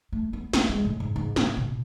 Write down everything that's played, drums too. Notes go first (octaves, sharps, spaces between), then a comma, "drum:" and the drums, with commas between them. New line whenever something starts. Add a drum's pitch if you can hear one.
A3
B3
A3, drum: snare
G#3
A2
G#2
G#2
A2, drum: snare
B2